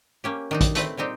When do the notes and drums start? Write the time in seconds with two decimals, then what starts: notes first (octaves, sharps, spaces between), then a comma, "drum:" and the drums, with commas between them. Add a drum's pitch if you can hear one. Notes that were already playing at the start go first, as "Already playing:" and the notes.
0.24 A#3 C#4 G4
0.51 D#3 D4 D#4
0.61 drum: kick, hi-hat
0.75 A3 C4 B4, drum: hi-hat
0.97 A#2 G3 C4 D#4 G4